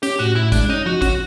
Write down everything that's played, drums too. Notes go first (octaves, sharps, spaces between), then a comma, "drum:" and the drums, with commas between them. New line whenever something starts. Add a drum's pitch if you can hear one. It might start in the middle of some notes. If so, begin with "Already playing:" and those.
C#4 G4, drum: hi-hat
A2 F#4
A2 E4
G#3 D4, drum: kick, hi-hat
C#4 D#4
F3 F#4
C#4 F#4, drum: kick, hi-hat